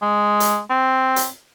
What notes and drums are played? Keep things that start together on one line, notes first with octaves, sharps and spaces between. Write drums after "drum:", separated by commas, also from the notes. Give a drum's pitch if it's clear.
G#3
drum: hi-hat
C4
drum: hi-hat